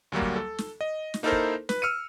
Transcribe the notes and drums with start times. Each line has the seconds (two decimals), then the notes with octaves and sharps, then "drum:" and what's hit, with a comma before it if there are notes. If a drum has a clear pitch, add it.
0.12 D2 F#3 G3 A#3
0.22 drum: kick
0.36 A4
0.58 drum: snare
0.81 D#5
1.14 drum: snare
1.23 A#3 D#4 E4 A4 A#4 C5
1.32 drum: kick
1.69 B4, drum: snare
1.82 E6 F6 C#7 D#7